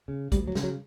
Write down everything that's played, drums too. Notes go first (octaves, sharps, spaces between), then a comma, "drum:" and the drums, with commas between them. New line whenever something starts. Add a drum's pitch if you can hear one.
C#3
D2 G3, drum: kick, hi-hat
F#3
C#3, drum: snare
F#3